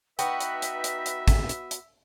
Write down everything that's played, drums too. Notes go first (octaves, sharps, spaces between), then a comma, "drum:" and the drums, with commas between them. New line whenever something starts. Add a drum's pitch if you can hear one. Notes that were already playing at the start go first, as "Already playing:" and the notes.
B3 D#4 F#4 B4 E5 G5, drum: hi-hat
drum: hi-hat
drum: hi-hat
drum: hi-hat
drum: hi-hat
drum: kick, hi-hat
drum: hi-hat
drum: hi-hat